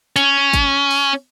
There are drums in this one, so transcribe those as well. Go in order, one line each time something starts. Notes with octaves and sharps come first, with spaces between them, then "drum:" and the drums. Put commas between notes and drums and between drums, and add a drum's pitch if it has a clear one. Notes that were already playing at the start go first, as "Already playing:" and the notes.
C#4, drum: hi-hat
drum: kick, hi-hat
drum: open hi-hat